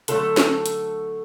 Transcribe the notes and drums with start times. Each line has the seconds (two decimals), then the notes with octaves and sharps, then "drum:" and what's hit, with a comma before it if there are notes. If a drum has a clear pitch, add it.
0.08 D3 F#3 A3 A4, drum: hi-hat
0.37 drum: snare
0.66 drum: hi-hat